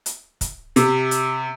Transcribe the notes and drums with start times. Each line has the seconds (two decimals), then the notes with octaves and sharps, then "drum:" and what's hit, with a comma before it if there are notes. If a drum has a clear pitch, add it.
0.06 drum: hi-hat
0.41 drum: kick, hi-hat
0.76 C3, drum: hi-hat
1.11 drum: hi-hat